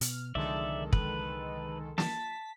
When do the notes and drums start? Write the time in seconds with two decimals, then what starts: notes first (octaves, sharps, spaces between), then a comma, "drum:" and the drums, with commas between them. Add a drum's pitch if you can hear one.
0.01 B2 F6, drum: hi-hat
0.35 C2 D3 D#3 F3 G#3 A4 D5 E5
0.93 B4, drum: kick
1.98 A5 B6, drum: snare